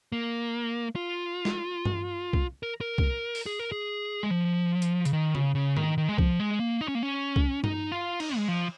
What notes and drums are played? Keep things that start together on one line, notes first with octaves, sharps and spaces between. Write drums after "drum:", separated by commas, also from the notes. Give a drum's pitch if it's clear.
A#3
F4
drum: snare
drum: tom G2
drum: kick
A#4
A#4
drum: kick
drum: open hi-hat
G#4
A#4
G#4
G#3
F3
drum: hi-hat
C#3, drum: hi-hat
D#3
C#3, drum: tom C#3
C#3
D#3, drum: tom G#2
D#3
G#3
F3, drum: kick
G#3
A#3
D#4
C#4
A#3
C#4
drum: kick
D#4, drum: tom G2
F4
D#4, drum: cymbal
G#3
F3